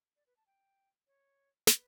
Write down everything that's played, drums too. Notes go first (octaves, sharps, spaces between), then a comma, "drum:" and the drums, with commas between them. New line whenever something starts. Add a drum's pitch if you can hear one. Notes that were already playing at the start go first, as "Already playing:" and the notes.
D5
B4
A5
G5
C#5
B4, drum: snare